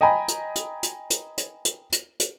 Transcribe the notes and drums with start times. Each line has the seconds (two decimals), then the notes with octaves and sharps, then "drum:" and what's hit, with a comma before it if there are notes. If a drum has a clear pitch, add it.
0.01 D#5 G5 G#5 A#5 B5
0.28 drum: hi-hat
0.55 drum: hi-hat
0.83 drum: hi-hat
1.10 drum: hi-hat
1.37 drum: hi-hat
1.65 drum: hi-hat
1.92 drum: hi-hat
2.20 drum: hi-hat